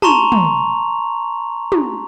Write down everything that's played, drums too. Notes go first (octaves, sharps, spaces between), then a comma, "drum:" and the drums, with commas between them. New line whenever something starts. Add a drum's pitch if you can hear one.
A5 A#5 C6 C#6 F7, drum: tom
drum: tom
drum: tom